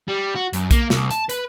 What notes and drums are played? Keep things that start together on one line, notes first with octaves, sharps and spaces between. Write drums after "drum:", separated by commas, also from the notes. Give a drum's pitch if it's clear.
G3
F#4
F#2, drum: hi-hat
A#3, drum: kick B1, hi-hat
C2, drum: snare
A5, drum: hi-hat
B4, drum: hi-hat